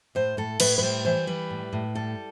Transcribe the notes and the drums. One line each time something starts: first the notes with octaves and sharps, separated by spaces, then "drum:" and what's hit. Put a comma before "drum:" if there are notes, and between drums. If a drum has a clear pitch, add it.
A2 C5
A2 A4
A2 B4, drum: cymbal
B4
G3 C5
E3 C5
G3 B4
A2
A2
G3 A4